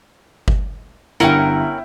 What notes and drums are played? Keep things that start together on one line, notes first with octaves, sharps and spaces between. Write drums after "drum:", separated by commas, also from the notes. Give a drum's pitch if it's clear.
drum: kick G1
G1 G2 C#4 E4 A#4 F#5 G5, drum: hi-hat